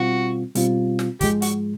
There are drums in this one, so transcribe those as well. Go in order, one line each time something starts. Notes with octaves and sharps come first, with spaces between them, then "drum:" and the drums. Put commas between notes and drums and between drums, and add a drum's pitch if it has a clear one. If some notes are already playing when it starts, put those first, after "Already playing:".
Already playing: B2 G3 C4 F4 F#4
B2 G3 C4 F4, drum: hi-hat
drum: snare
G#2 F3 G#3 G4, drum: kick, hi-hat
F#4, drum: hi-hat